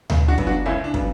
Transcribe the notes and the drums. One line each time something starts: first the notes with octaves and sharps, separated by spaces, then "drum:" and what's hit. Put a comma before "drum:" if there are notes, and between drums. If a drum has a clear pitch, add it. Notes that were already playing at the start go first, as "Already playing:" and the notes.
C#2, drum: tom D2
D4 F#4
C#3 F#3 B3, drum: kick
D4 F#4
C#2 C#4 E4
D4
C#3 F#3 B3, drum: kick